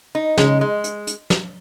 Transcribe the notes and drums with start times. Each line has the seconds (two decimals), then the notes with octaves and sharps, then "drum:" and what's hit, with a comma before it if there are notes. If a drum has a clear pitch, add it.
0.15 D#4
0.37 C#3 G#3, drum: snare
0.61 G#3
0.84 drum: hi-hat
1.07 drum: hi-hat
1.30 drum: snare